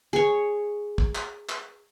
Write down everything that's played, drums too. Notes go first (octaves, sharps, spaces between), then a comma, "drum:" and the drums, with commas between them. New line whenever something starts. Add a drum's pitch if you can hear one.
G#4 C#5
drum: kick
drum: clap
drum: clap